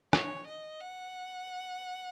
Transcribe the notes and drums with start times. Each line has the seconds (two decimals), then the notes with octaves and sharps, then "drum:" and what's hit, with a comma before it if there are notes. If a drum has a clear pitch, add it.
0.13 C#5, drum: rim click
0.47 D#5
0.81 F#5